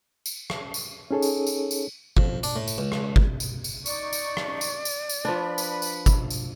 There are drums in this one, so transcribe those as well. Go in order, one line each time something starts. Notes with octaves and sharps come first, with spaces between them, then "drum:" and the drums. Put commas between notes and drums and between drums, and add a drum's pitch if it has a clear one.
drum: tambourine
drum: rim click
drum: tambourine
C#4 D#4 G#4 A4 C#5
drum: tambourine
drum: tambourine
drum: tambourine
F2, drum: kick G1
D4, drum: tambourine
A2
drum: tambourine
C#2
drum: rim click
drum: kick G1
drum: tambourine
drum: tambourine
D#4 D5 C#6, drum: tambourine
drum: tambourine
drum: rim click
drum: tambourine
drum: tambourine
drum: tambourine
F3 D4 B4 B5
drum: tambourine
drum: tambourine
drum: kick G1, tambourine
drum: tambourine